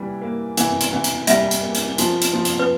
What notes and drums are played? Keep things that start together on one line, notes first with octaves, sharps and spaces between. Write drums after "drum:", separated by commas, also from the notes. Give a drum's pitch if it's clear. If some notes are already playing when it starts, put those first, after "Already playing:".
Already playing: E3 G3
A#3
E3, drum: hi-hat
drum: hi-hat
E3
drum: hi-hat
G3 E5, drum: hi-hat
drum: hi-hat
A#3
drum: hi-hat
F3, drum: hi-hat
drum: hi-hat
F3
drum: hi-hat
B4